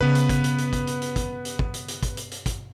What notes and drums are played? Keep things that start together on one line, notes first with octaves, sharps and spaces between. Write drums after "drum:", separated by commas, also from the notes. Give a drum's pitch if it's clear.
C#3 B3 B4
drum: hi-hat
drum: kick, hi-hat
drum: hi-hat
drum: hi-hat
drum: kick, hi-hat
drum: hi-hat
drum: hi-hat
drum: kick, hi-hat
drum: hi-hat
drum: kick
drum: hi-hat
drum: hi-hat
drum: kick, hi-hat
drum: hi-hat
drum: hi-hat
drum: kick, hi-hat